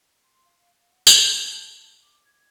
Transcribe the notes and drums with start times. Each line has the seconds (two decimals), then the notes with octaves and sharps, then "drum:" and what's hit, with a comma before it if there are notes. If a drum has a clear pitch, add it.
0.21 C6
0.45 F5
0.87 F#5
1.07 C5, drum: tambourine
1.23 A5
2.03 D6
2.24 G#6